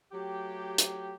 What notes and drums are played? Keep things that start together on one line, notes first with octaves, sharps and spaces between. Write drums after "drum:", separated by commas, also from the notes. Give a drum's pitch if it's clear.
F#3 A3 G4
drum: hi-hat